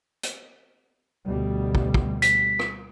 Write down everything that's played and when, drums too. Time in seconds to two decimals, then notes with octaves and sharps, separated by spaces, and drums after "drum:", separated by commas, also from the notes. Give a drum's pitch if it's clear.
0.23 drum: hi-hat
1.27 D2 B2 G3
1.75 drum: kick
1.94 drum: kick
2.22 B6, drum: hi-hat
2.59 drum: rim click